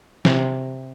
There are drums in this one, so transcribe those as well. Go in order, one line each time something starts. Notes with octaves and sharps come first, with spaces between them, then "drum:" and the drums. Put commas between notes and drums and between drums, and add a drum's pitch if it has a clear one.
C3, drum: snare